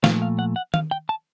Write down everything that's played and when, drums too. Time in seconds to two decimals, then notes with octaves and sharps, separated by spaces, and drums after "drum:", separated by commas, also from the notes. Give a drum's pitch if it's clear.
0.04 A#2 F3 A3 F5, drum: snare
0.22 F5
0.39 F#5
0.56 F#5
0.74 F5, drum: tom D#3
0.91 G5
1.09 A5